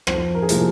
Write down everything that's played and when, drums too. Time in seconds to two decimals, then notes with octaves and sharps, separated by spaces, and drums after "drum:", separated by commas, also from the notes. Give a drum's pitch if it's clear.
0.07 F2 C5, drum: rim click
0.35 A#4
0.42 G#4
0.49 C3 F3 A#3 A#4, drum: hi-hat